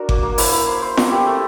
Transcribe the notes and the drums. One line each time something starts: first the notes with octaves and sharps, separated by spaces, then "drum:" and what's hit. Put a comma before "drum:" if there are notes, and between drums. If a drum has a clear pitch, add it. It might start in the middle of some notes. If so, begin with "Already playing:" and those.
Already playing: D4 F#4 A#4
A#3, drum: kick G1
A#3
E4, drum: open hi-hat
E4
C5
C5
E4, drum: snare F4
G4
A3